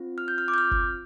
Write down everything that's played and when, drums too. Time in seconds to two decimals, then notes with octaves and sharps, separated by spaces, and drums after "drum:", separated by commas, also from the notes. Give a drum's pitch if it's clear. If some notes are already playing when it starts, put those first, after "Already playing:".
Already playing: C4 F4
0.18 F6
0.28 G6
0.38 F6
0.48 D6
0.54 G6
0.58 F6
0.71 drum: kick